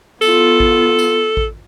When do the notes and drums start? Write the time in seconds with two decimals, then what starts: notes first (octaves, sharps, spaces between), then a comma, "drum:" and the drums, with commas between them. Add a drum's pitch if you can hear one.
0.22 B3 F4 A4, drum: tambourine
0.60 drum: kick A1
0.99 drum: tambourine
1.37 drum: kick A1